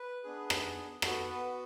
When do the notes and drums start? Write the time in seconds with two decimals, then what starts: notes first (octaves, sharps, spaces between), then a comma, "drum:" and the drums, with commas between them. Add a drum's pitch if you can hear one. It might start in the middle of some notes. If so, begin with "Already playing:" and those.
Already playing: B4
0.24 B3 D4 G#4
0.50 drum: rim click
1.02 B3 F#4 A4, drum: rim click
1.29 B4